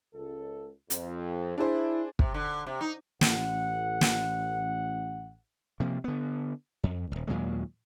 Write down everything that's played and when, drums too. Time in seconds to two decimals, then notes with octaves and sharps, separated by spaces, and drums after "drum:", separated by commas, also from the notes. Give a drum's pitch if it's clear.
0.14 C#2 A4
0.90 F2, drum: hi-hat
1.58 D4 E4 G#4 C5
2.19 C3, drum: kick
2.34 D3
2.67 C3
2.81 D#4
3.21 A1 F#5, drum: snare
4.01 drum: snare
5.80 C3 F3 A#3
6.04 D3 B3
6.83 F2
7.11 D#1 C#2
7.27 D#2 A#2 F#3 G#3